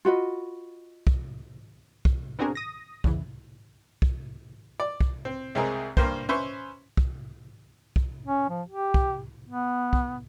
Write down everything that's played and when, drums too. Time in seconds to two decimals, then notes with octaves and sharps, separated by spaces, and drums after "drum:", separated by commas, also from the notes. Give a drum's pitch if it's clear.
0.05 F4 F#4 B4 D#5
1.07 drum: kick
2.05 drum: kick
2.39 B3 C4 D4 F#4 G#4 A#4
2.55 D#6 A#6
3.04 E2 G#2 C#3 E3, drum: kick
4.02 drum: kick
4.80 D5
5.00 drum: kick
5.25 C4
5.55 C2 G#3 C4 G#4 A#4
5.97 G2 A#3 C5, drum: kick
6.29 C#4 B4 C5 E5 C6 C#6
6.97 drum: kick
7.96 drum: kick
8.27 C#4
8.50 F3
8.69 G4
8.94 drum: kick
9.47 B3
9.93 drum: kick